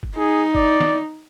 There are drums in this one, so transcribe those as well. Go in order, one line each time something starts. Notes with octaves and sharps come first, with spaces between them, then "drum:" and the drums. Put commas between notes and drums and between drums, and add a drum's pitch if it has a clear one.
drum: kick
D#4 G#4
D5, drum: kick
drum: snare